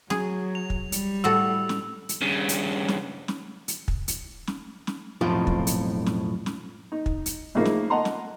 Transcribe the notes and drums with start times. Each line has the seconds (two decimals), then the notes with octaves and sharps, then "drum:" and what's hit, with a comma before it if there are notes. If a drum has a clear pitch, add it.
0.10 F#3 G#4, drum: snare
0.55 F7
0.70 drum: kick
0.92 G3, drum: hi-hat
1.24 A2 F#4 A4 E6
1.69 drum: snare
2.09 drum: hi-hat
2.21 G2 C#3
2.49 drum: hi-hat
2.88 drum: snare
3.28 drum: snare
3.68 drum: hi-hat
3.88 drum: kick
4.08 drum: hi-hat
4.47 drum: snare
4.87 drum: snare
5.21 B1 F2 A2 F3 F4
5.47 drum: kick
5.67 drum: hi-hat
6.06 drum: snare
6.46 drum: snare
6.92 D#4
7.06 drum: kick
7.26 drum: hi-hat
7.55 A2 C#3 F3 A#3 D#4
7.65 drum: snare
7.90 D#5 F#5 A5 A#5 C6
8.05 drum: snare